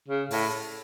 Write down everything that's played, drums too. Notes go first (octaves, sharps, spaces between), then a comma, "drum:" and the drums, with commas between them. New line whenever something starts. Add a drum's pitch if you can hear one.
C#3
A2, drum: open hi-hat